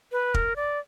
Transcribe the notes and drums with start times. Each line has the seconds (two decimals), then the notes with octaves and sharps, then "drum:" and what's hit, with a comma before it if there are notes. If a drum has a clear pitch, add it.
0.12 B4
0.34 A#4, drum: kick
0.56 D5